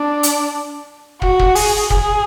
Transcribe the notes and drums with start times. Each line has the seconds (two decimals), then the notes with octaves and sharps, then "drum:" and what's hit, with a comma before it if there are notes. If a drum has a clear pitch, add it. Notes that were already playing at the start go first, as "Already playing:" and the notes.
Already playing: D4
0.23 drum: hi-hat
1.22 F#4, drum: kick
1.39 drum: kick
1.55 G#4, drum: open hi-hat
1.90 G#4, drum: kick